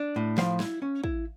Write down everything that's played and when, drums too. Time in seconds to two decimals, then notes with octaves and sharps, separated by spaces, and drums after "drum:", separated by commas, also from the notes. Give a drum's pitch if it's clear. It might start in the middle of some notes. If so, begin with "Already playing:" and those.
Already playing: D4
0.16 A2
0.38 F3 F5, drum: snare
0.60 E4, drum: snare
0.82 C#4
1.04 E4, drum: kick